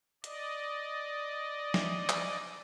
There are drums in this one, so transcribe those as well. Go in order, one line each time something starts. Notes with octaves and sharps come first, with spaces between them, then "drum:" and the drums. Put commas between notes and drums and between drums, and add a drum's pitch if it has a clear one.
D5 D#5, drum: hi-hat
drum: snare
drum: clap